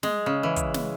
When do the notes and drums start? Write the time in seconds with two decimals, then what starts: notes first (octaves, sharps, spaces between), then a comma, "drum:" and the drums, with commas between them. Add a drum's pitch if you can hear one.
0.03 G#3, drum: snare
0.26 C#3
0.43 E3
0.56 drum: kick, hi-hat
0.74 drum: snare